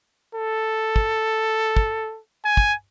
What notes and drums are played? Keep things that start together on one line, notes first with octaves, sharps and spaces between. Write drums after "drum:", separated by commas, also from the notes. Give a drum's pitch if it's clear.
A4
drum: kick
drum: kick
G#5
drum: kick